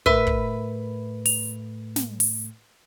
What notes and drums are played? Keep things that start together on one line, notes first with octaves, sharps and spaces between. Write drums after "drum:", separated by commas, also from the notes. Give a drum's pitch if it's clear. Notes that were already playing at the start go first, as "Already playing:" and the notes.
A2 A3 A#4 B4 E5 E6, drum: kick
drum: kick
F7, drum: open hi-hat
drum: snare
drum: open hi-hat